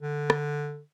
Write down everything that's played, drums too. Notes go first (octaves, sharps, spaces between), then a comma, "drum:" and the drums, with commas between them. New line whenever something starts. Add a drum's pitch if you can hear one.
D3
drum: rim click